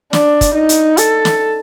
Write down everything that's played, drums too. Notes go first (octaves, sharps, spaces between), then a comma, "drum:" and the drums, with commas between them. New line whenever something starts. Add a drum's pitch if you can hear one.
D4, drum: snare
drum: kick, hi-hat
D#4
drum: hi-hat
A4, drum: hi-hat
drum: snare